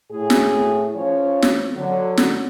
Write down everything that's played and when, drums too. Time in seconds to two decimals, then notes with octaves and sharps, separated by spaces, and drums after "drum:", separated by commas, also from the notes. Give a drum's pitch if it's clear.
0.11 A2 G#4
0.30 drum: snare
0.96 F3 C#4 C#5
1.42 drum: snare
1.76 D3 F#3
2.17 drum: snare